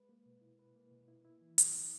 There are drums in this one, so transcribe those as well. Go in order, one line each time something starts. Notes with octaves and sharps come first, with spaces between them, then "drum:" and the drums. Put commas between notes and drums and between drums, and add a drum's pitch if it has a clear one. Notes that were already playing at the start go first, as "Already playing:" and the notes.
Already playing: G#3 B4
A#3
B2
E4
B4
A#3
B2
E4
E4
E3
F#2, drum: hi-hat
B3